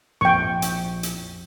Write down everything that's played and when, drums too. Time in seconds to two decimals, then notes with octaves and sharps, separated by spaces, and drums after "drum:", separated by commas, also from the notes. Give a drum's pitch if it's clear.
0.21 A#1 F2 G5 C#6
0.62 drum: hi-hat
1.03 drum: hi-hat